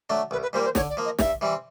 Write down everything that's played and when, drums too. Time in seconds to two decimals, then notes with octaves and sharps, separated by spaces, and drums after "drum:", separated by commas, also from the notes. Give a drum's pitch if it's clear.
0.10 F#3 A3 D4
0.31 C2 B4
0.42 B4
0.53 A#2 G3 A#3 C5
0.64 C5
0.75 D3 C#5, drum: snare
0.89 D5
0.97 F3 A#3
1.05 D#5
1.19 G2 E5, drum: snare
1.41 E3 G3 C4